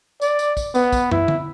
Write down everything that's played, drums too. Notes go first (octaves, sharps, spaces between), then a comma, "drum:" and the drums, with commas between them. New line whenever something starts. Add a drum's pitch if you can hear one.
D5, drum: tambourine
drum: tambourine
drum: kick, tambourine
B3, drum: tambourine
drum: kick, tambourine
E4, drum: tom
drum: tom D3